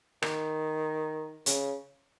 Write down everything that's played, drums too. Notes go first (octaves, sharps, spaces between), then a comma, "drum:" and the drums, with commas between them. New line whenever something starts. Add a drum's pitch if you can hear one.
D#3, drum: rim click
C#3, drum: hi-hat